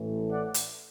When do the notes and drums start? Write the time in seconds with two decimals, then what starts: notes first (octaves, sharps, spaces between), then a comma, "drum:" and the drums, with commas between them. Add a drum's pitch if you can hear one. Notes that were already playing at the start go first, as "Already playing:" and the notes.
Already playing: A1 A2 E3 A3
0.30 D5 F#5
0.54 drum: hi-hat